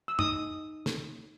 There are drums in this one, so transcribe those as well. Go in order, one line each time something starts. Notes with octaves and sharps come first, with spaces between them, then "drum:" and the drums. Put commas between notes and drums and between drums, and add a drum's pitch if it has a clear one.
E6
D#4 D#6, drum: tom
drum: snare